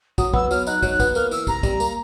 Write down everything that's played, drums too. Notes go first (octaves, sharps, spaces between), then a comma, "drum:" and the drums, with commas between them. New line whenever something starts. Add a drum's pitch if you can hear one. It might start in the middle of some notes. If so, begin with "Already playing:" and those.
F#3 D#6, drum: kick, tambourine
B3 E6, drum: kick
F#3 F6, drum: tambourine
D#4 F#6, drum: tambourine
F#3, drum: kick, tambourine
F#6
B3, drum: kick, tambourine
A#3 F6, drum: tambourine
E3 E6, drum: tambourine
C3 A#5, drum: kick, tambourine
G3, drum: kick, tambourine
A#3, drum: tambourine